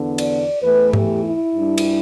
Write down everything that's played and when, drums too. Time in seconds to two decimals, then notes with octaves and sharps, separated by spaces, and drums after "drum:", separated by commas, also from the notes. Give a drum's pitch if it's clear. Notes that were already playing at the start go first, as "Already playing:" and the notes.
Already playing: E2 D3 B3
0.18 D5, drum: cymbal
0.63 E2 E3 A3 B4
0.93 G4, drum: tom G#2
1.24 E4
1.55 G2 G3 D4
1.78 drum: cymbal